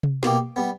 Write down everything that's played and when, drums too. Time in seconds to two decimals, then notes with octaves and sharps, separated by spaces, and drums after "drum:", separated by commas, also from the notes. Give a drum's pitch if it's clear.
0.03 drum: tom C3
0.23 B2 A#3 D#4 G4, drum: snare
0.56 G3 B3